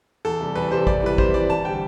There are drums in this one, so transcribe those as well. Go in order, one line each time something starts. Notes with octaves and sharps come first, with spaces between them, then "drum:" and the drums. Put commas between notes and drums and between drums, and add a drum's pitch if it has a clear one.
E2 A4
C3 G3
E2 B4
C3 G3 C5
C3 D5, drum: kick
E3 G3 B4
C3 C5, drum: kick
E3 G3 D5
E2 A5
D3 G3 G5